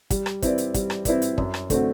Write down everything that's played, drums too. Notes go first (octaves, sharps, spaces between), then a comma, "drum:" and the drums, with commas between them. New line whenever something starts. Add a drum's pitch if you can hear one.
G3, drum: kick, hi-hat
drum: rim click
C4 E4 B4 D5, drum: kick, hi-hat
drum: hi-hat
G3, drum: kick, hi-hat
drum: rim click
C4 E4 B4 D5, drum: kick, hi-hat
drum: hi-hat
F#2, drum: kick
drum: rim click
D3 A3 C4 F#4, drum: kick, hi-hat